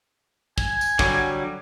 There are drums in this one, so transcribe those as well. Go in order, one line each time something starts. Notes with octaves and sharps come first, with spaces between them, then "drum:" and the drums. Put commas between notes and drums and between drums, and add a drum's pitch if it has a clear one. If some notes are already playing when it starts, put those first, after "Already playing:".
G#5, drum: kick
drum: tambourine
D3 F#3 G3, drum: kick